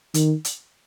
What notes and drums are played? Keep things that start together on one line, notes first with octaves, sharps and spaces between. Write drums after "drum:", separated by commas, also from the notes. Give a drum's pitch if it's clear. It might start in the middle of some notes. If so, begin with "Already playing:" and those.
D#3, drum: hi-hat
drum: hi-hat